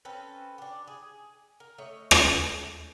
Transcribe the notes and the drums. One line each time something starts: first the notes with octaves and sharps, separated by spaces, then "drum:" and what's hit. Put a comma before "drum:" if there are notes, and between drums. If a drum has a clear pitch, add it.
C4 C#4 A4 B4
D4 G4
G#4
A#4
A3 C#5 D#5
drum: rim click